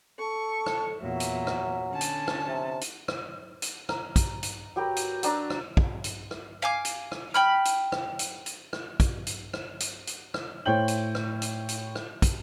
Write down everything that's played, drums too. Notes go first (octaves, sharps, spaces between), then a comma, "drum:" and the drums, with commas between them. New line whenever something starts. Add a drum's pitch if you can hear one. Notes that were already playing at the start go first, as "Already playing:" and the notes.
A4 C#6
drum: rim click
E2 A#2 F#3 E5
drum: hi-hat
drum: rim click
D3 C#4 A5
drum: hi-hat
drum: rim click
C3
drum: hi-hat
drum: rim click
drum: hi-hat
A#5, drum: rim click
drum: kick, hi-hat
drum: hi-hat
F#3 G4 A#4 B4
drum: hi-hat
F#3 D4 A#5 E6, drum: hi-hat
drum: rim click
drum: kick
drum: hi-hat
drum: rim click
F5 G#5 D6
drum: hi-hat
drum: rim click
G5 B5 F6
drum: hi-hat
drum: rim click
drum: hi-hat
drum: hi-hat
drum: rim click
drum: kick, hi-hat
drum: hi-hat
drum: rim click
drum: hi-hat
drum: hi-hat
drum: rim click
A2 C5 C#5 G5 G6 F#7
drum: hi-hat
drum: rim click
drum: hi-hat
drum: hi-hat
drum: rim click
drum: kick, hi-hat